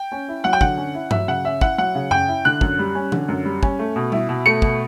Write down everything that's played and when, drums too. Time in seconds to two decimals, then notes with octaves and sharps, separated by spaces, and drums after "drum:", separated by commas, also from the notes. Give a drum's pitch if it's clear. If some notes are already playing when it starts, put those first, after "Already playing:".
Already playing: G5
0.12 C#4
0.28 E4
0.44 F#3 F#5
0.53 G5
0.61 D3 F#5, drum: kick
0.78 C#4
0.94 E4
1.11 F#3 E5, drum: tom G2
1.27 C#3 F#5
1.44 C#4 E5
1.61 E4 F#5, drum: kick
1.78 F#3 F#5
1.95 C#3
2.11 C#4 G5, drum: tom F#2
2.28 E4
2.45 D3 F#6
2.61 F#2, drum: kick
2.79 G3
2.95 C#4
3.12 D3, drum: tom E3
3.28 F#2
3.45 G3
3.63 C#4, drum: kick
3.79 A3
3.96 B2
4.12 E4, drum: tom G3
4.29 B2
4.46 A3 C#7
4.62 B2, drum: kick